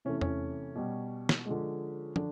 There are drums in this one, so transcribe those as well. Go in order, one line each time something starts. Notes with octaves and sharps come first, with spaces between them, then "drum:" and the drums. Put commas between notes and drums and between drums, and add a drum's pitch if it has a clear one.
C3 E3 A3 C#4
C#4, drum: tom E2
B2 G3
drum: snare
D3 F3 G#3
D3 D4, drum: tom